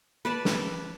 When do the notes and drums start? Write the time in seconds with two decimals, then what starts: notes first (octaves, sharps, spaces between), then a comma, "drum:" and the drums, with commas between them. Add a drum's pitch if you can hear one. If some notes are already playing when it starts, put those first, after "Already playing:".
0.25 B4 D5 A5
0.45 drum: snare